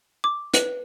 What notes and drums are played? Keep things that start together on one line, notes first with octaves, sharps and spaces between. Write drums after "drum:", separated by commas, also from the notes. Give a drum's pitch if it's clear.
D6
B4, drum: hi-hat